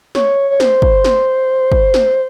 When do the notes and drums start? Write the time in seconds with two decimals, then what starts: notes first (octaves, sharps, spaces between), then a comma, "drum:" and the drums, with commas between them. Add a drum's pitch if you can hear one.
0.15 C#5, drum: snare
0.50 C#5
0.60 C5, drum: snare
0.82 drum: kick
1.04 drum: snare
1.72 drum: kick
1.94 drum: snare